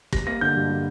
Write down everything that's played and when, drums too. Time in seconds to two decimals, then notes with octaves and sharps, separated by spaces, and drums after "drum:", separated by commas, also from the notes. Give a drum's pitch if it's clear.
0.12 G3 A#6, drum: kick
0.27 A#3 A#6
0.41 D3 G6
0.56 G2
0.70 G3